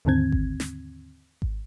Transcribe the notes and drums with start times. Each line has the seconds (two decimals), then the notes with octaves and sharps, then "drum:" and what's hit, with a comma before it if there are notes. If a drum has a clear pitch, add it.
0.05 D#2 G#2 D3 D#3 C4 G#6
0.32 drum: kick G#1
0.60 drum: snare
1.42 drum: kick G#1